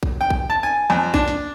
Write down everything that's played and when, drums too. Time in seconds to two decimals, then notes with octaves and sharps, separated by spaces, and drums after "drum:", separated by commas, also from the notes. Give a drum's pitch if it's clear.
0.03 drum: kick
0.21 G5
0.30 drum: kick
0.50 A5
0.63 G#5
0.90 F2
1.14 D4, drum: kick
1.28 drum: snare